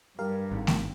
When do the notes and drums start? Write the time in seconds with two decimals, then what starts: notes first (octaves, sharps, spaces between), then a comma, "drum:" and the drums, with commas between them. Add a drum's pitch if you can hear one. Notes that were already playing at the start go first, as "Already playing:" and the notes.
0.19 G2 G4 A#4 F5
0.51 G#1
0.67 drum: snare A3